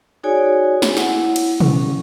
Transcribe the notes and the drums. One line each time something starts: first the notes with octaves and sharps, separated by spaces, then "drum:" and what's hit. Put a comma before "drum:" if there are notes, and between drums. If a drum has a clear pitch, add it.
D#4 F#4 G#4 C#5 D5 G#5
drum: snare
E4 F#5, drum: snare
drum: cymbal
C#4, drum: tom